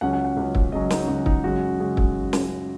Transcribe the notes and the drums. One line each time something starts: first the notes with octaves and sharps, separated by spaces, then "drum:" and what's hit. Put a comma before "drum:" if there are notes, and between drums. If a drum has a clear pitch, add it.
C#2 C#3 F#3 C#4 F#5
F#5
F#5
C#2 C#3 F#3 C#4
drum: kick
C#2 C#3 F#3 C#4 D#5
D#4, drum: snare
C#2 C#3 F#3 C#4 F#4
D#4, drum: kick
F#2 C#3 G#3 C#4 F#4
C#3 G#3 C#4
drum: kick
drum: snare